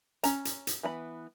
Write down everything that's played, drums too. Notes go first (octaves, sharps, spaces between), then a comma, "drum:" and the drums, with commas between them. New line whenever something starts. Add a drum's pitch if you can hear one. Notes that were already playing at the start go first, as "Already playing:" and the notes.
C#4 A#5, drum: hi-hat
drum: hi-hat
drum: hi-hat
E3 B3 B5